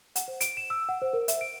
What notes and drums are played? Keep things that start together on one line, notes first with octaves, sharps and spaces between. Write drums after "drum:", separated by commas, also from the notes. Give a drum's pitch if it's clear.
F#5, drum: hi-hat
C5
D7, drum: hi-hat
E7
E6
F#5
C5
A#4
E5, drum: hi-hat
D7